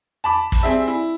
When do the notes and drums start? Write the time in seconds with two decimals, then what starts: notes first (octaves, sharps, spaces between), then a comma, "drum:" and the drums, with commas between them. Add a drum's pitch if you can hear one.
0.24 A5 B5 D6
0.52 drum: kick, open hi-hat
0.63 G3 C4 G#4 E5
0.88 E4